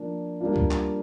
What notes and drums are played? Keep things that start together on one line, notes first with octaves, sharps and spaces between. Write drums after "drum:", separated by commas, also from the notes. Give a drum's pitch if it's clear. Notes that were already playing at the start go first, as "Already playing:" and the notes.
Already playing: F3 A#3 D4
G3 A#3 D4 F4
drum: kick C#2
drum: clap